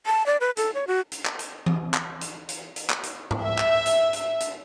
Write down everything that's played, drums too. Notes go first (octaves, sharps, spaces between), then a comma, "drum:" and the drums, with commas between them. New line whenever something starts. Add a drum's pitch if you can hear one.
A5
D5
B4
A4, drum: hi-hat
C#5
F#4
drum: hi-hat
drum: clap
drum: hi-hat
drum: tom E3
drum: clap
drum: hi-hat
drum: hi-hat
drum: hi-hat
drum: clap
drum: hi-hat
drum: tom G#2
E5
drum: clap
drum: hi-hat
drum: hi-hat
drum: hi-hat